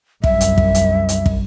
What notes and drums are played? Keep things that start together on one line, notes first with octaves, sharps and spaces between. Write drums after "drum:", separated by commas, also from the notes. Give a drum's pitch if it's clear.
C2 F#2 E5, drum: kick
drum: hi-hat
drum: kick
drum: hi-hat
drum: hi-hat
drum: kick